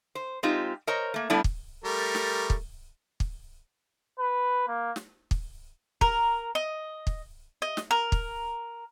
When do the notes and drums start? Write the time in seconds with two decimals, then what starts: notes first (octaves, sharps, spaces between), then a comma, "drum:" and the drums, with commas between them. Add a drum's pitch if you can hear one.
0.15 C5
0.43 G#3 C4 D#4 F4 G4
0.87 A#4 C5 C#5 D#5 A#5
1.14 A3 A#3
1.30 G3 A3 B3 D4 E4
1.44 drum: kick
1.84 G3 A3 A#4
2.15 drum: snare
2.50 drum: kick
3.20 drum: kick
4.19 B4
4.67 A#3
4.96 drum: snare
5.31 drum: kick
6.01 A#4, drum: kick
6.55 D#5
7.07 drum: kick
7.62 D#5
7.77 drum: snare
7.91 A#4
8.12 drum: kick